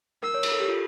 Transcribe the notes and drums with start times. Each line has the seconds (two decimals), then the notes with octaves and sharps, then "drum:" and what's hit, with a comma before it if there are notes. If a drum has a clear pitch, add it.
0.23 A#4 E6
0.34 C#5
0.43 A#4, drum: cymbal
0.52 A4
0.60 G4
0.68 F4